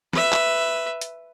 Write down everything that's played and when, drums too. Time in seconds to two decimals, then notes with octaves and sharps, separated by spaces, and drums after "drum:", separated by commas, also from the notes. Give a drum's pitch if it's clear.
0.13 B4 E5, drum: snare
0.33 drum: clap
1.01 drum: hi-hat